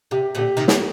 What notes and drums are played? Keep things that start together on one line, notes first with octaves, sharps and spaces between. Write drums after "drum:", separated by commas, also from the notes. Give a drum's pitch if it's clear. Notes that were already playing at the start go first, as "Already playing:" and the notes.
C3 G4
A#2 D3 G4
C3 D#3
drum: snare